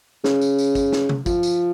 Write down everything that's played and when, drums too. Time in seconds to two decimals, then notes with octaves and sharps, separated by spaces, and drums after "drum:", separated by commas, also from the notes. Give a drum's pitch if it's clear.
0.24 C#3, drum: snare
0.41 drum: tambourine
0.58 drum: tambourine
0.75 drum: kick, tambourine
0.92 drum: snare
1.09 drum: tom C3
1.26 F3, drum: kick, tambourine
1.43 drum: tambourine